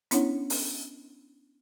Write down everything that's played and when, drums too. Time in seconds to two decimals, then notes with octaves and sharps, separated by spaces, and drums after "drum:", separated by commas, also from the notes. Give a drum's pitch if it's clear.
0.11 B3 C#4 D4 E4 C#5 F#5, drum: hi-hat
0.50 drum: open hi-hat